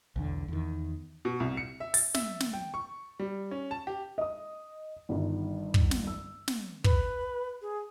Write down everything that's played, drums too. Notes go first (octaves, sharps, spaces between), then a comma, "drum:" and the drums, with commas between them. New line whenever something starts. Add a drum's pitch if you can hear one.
B1 E2 D3
E2 D#3
B2
C2
C#7
E5
A6, drum: open hi-hat
E5, drum: snare
drum: snare
G5
C#6
G3
C#4
A5
G4
D#5 D#6
G1 G2 D#3
drum: kick
drum: snare
E6
drum: snare
B4, drum: kick
G#4